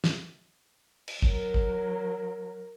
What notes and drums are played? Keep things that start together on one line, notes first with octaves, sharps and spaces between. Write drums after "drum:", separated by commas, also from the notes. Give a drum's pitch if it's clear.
drum: snare
drum: cymbal
F#3 A#4, drum: kick
drum: kick